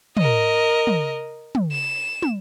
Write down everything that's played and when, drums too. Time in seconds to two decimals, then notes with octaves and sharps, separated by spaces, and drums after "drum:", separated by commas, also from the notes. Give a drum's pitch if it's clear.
0.17 A#4 D#5, drum: tom
0.87 drum: tom
1.55 drum: tom
1.72 E7
2.22 drum: tom